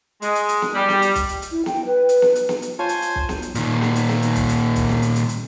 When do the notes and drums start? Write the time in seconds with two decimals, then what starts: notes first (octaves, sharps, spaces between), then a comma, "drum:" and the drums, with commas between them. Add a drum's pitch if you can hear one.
0.22 G#3, drum: hi-hat
0.35 drum: hi-hat
0.49 drum: hi-hat
0.62 drum: snare
0.75 G3
0.89 drum: snare
1.02 drum: hi-hat
1.15 drum: kick B1, hi-hat
1.29 drum: hi-hat
1.42 drum: hi-hat
1.52 E4
1.66 G5, drum: snare
1.86 B4
2.09 drum: hi-hat
2.22 drum: snare
2.35 drum: hi-hat
2.49 drum: snare
2.62 drum: hi-hat
2.79 F4 C5 C#5 G#5 A5
2.89 drum: hi-hat
3.02 drum: hi-hat
3.16 drum: kick B1
3.29 drum: snare
3.42 drum: hi-hat
3.55 A#2 D#3, drum: hi-hat
3.82 drum: snare
3.96 drum: hi-hat
4.09 drum: snare
4.22 drum: hi-hat
4.36 drum: kick B1, hi-hat
4.49 drum: hi-hat
4.76 drum: kick B1, hi-hat
4.89 drum: snare
5.02 drum: hi-hat
5.16 drum: hi-hat
5.29 drum: hi-hat